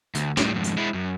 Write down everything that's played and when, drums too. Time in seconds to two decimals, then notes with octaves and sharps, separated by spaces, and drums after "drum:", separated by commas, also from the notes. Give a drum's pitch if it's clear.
0.15 D2, drum: hi-hat
0.37 A2 G3, drum: snare
0.54 F2 G#2
0.64 drum: hi-hat
0.77 G#3 E4
0.94 F#2